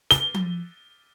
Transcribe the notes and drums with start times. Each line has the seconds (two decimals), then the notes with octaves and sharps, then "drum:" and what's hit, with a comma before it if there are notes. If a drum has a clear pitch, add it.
0.11 G7, drum: hi-hat
0.34 drum: tom F3